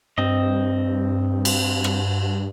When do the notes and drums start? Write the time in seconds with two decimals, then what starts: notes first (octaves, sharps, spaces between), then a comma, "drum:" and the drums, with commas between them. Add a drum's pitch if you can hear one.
0.18 G2 C4 D#5
1.45 drum: cymbal
1.84 drum: rim click